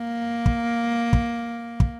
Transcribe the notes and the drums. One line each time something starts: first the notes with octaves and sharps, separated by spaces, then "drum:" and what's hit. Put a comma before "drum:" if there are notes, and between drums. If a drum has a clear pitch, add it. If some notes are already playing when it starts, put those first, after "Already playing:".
Already playing: A#3
drum: kick
drum: kick
drum: kick